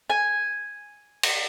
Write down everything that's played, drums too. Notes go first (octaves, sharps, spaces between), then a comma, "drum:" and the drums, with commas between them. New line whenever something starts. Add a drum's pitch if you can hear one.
G#5
drum: cymbal